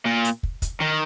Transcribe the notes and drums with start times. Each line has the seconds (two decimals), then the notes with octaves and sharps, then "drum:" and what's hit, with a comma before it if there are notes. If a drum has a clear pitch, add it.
0.06 A#2
0.25 drum: hi-hat
0.43 drum: kick
0.62 drum: kick, hi-hat
0.80 D#3